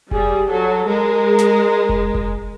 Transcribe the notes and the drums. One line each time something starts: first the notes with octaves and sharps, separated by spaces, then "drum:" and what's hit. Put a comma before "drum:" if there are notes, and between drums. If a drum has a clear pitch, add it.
G3 G#4, drum: kick F1
F#3 A4
G#3 A#4
drum: snare
drum: kick F1
drum: kick F1